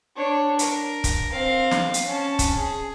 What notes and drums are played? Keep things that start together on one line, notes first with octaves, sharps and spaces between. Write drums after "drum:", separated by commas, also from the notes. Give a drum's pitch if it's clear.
D4 C#5
A#4, drum: hi-hat
drum: kick, hi-hat
C4 F5
drum: snare
drum: hi-hat
C#4 A5
drum: kick, hi-hat
G#4